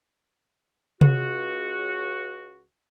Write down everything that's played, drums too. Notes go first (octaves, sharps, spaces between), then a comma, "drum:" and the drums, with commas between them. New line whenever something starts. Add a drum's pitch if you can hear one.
C#2 F#4, drum: tom C3